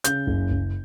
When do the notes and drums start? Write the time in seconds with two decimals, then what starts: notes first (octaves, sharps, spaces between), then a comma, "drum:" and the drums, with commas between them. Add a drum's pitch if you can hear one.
0.04 C#3 G6, drum: hi-hat
0.27 F#1
0.51 F#1